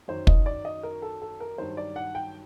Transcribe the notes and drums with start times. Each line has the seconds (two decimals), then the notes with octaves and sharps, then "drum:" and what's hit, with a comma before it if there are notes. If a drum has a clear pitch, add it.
0.08 F#2 D#3 F#3 C5
0.27 D#5, drum: kick
0.46 D5
0.65 D#5
0.83 A#4
1.02 A4
1.22 A4
1.40 A#4
1.58 G2 D#3 F#3 C5
1.77 D5
1.96 F#5
2.15 G5